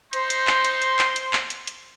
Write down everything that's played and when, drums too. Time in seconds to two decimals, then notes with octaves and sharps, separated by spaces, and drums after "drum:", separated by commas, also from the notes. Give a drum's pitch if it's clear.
0.13 D#4 C5 C6, drum: hi-hat
0.30 drum: hi-hat
0.47 drum: clap
0.64 drum: hi-hat
0.82 drum: hi-hat
0.99 drum: clap
1.16 drum: hi-hat
1.33 drum: clap
1.50 drum: hi-hat
1.67 drum: hi-hat